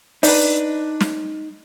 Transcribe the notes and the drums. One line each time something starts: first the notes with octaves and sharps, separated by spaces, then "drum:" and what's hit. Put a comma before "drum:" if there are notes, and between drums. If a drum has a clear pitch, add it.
D4 D#4 B4, drum: open hi-hat
drum: snare